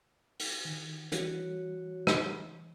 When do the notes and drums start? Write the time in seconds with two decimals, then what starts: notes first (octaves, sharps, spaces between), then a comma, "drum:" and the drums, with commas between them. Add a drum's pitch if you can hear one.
0.39 drum: open hi-hat
0.65 D#3
1.12 E3 G3 F#4 C#5, drum: hi-hat
2.07 drum: rim click